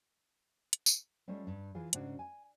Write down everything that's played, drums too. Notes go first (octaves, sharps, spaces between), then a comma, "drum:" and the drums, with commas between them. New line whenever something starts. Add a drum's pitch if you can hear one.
drum: hi-hat
drum: tambourine
G3 G#3 C#4 F4 A4
G2
E3 F4 G#4
G#2 C#3 D4 F#4, drum: hi-hat
G#5